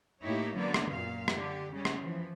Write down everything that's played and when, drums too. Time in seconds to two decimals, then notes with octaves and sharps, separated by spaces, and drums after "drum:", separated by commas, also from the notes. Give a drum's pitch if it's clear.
0.23 A2 A#3 D#4 E4 G4 C#5
0.56 D3 F#3 A#3 B3 C#4 D5
0.74 drum: rim click
0.90 F#2 A#2 F5
1.28 D3 G4, drum: rim click
1.72 C#3 G3 C#4
1.85 drum: rim click
2.02 E3 F3